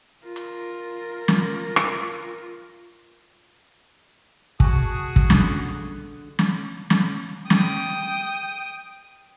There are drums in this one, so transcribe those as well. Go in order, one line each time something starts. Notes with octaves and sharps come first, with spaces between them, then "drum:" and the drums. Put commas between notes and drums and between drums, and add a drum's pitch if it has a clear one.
F4 A#4
drum: hi-hat
drum: snare
drum: rim click
F#4 G#4 A5 C#6 D#6, drum: kick
drum: kick
D3, drum: snare
drum: snare
drum: snare
G5 D#6, drum: snare